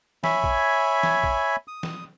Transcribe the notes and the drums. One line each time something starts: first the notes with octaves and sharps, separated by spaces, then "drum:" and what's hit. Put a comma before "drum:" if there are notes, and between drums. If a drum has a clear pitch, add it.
C#5 E5 G#5 B5, drum: snare F3
drum: kick A#1
drum: snare F3
drum: kick A#1
D#6
drum: snare F3